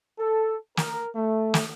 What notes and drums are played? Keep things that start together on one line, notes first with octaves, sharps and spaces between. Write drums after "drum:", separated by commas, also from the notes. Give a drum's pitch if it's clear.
A4
A#4, drum: snare
A3
drum: snare